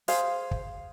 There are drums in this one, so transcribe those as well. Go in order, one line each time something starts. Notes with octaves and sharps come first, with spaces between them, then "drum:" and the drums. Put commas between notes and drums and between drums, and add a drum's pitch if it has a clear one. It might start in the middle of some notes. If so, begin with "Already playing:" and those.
G#4 C5 F5, drum: hi-hat
drum: kick